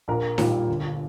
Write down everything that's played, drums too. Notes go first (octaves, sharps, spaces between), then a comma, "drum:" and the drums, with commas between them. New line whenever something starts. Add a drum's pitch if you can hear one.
A#1 A#4
A#2 G3, drum: snare D#4
G1